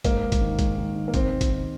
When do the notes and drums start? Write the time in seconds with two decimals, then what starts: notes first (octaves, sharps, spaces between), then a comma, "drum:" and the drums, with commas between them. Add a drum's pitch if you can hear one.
0.04 G#2 A#3, drum: kick, hi-hat
0.22 G#2
0.32 drum: kick, hi-hat
0.41 D#3
0.59 G#2, drum: kick, hi-hat
0.77 D#3
0.95 D#3
1.08 A#3
1.14 D#3 C4, drum: kick, hi-hat
1.31 D#3
1.41 drum: kick, hi-hat
1.50 D#3